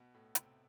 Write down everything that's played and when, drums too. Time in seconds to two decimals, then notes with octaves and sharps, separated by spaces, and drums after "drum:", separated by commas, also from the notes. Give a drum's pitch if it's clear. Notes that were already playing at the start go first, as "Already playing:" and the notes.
Already playing: B2 B3
0.14 A2 A3
0.35 C3 C4, drum: hi-hat